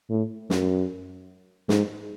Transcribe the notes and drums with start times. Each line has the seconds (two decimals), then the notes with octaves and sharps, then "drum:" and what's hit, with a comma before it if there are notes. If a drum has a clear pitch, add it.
0.10 A2
0.50 F#2, drum: snare
1.69 G#2, drum: snare